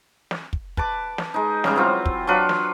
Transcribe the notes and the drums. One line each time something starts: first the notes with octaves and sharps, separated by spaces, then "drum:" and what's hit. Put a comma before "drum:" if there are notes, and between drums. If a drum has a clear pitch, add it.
drum: snare
drum: kick
B4 A5 D6, drum: kick
drum: snare
G#3 D#4
C#3 G3 G#3, drum: snare
E3 F#3 C4 F4
drum: kick
F#3 D4 F4 B4
drum: snare